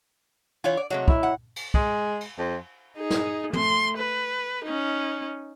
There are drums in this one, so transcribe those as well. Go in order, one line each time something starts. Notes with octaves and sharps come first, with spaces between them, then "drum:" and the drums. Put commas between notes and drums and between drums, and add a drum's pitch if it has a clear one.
E3 F4 C#5 F#5 G#5
D5
C3 F#3 G#3 A3 F#4
E4, drum: kick
F#5
drum: cymbal
G#3, drum: kick
drum: cymbal
F2
D#4 G#4
drum: snare
A3 C6, drum: tom
B4
C#4 D#4